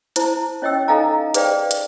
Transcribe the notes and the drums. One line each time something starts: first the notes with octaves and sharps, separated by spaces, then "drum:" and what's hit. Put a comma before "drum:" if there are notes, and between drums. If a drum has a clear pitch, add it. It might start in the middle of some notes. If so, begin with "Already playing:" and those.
E4 C5 A5 A#5, drum: hi-hat
C#4 C#5 D#5 G5 E6
D#4 A4 D#5 F5 G#5 A#5
G#4 B4 C5 D5 F5 G5, drum: hi-hat
drum: hi-hat